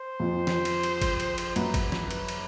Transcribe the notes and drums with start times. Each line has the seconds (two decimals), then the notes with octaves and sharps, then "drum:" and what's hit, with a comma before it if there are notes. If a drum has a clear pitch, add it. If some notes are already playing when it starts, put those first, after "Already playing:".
Already playing: C5
0.20 F2 F3
0.47 drum: snare
0.65 drum: cymbal
0.83 drum: cymbal
1.02 drum: kick G1, cymbal
1.20 drum: cymbal
1.38 drum: cymbal
1.56 F#2 F#3 B4, drum: cymbal
1.74 drum: kick G1, cymbal
1.92 drum: snare
2.11 B4, drum: cymbal
2.28 drum: cymbal